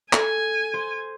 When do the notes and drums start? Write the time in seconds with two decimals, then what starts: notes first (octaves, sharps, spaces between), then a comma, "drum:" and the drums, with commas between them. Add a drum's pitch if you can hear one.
0.13 A4 G#5, drum: clap
0.74 C5